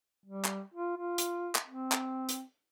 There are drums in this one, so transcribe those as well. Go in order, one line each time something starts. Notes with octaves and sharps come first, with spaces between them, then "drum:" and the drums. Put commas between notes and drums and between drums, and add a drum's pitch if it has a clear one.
G3
drum: clap
F4
F4
drum: hi-hat
drum: clap
C4
drum: clap
drum: hi-hat